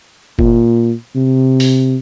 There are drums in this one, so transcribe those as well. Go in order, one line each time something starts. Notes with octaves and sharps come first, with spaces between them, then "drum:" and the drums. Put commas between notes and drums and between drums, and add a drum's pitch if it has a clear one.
A#2, drum: kick F#1
C3
drum: open hi-hat